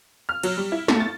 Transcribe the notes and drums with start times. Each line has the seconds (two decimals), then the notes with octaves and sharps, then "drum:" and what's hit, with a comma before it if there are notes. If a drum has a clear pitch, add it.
0.29 F6
0.43 F#3, drum: cymbal
0.57 G3
0.72 E4
0.88 A3, drum: snare
1.00 A6